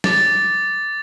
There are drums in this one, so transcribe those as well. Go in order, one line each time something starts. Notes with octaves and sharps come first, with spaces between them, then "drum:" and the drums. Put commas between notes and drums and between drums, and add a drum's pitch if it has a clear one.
D6 A6, drum: snare